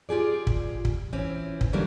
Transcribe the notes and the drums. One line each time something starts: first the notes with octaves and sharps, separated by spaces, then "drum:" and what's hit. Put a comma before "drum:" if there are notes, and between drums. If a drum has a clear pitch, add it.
F4 G4 G#4 D5
drum: kick
drum: kick
E3 C4 C#4
drum: kick
D3 E3 F#3 G3 A#3 D4